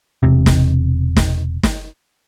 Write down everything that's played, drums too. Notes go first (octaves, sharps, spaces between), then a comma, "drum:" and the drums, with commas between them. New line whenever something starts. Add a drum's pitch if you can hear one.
E1 C3
drum: snare
drum: snare
drum: snare